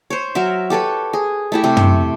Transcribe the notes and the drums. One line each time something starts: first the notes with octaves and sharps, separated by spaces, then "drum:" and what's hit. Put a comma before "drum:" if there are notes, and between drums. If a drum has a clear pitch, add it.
C5 C#5
F#3 A#4 E5
G4 A4 B4 C#5
G#4
A3 E4 G4
C3 A3 C4
drum: tom